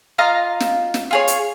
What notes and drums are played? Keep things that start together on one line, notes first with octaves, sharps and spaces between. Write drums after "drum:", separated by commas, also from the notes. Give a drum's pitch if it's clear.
F4 D#5 F5 A#5
drum: snare
drum: snare
F4 G#4 C#5
drum: hi-hat